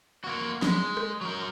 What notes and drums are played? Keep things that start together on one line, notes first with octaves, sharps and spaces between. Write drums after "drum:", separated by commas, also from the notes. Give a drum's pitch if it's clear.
A#3 F#4
G#3, drum: snare
drum: rim click
F#3 A#4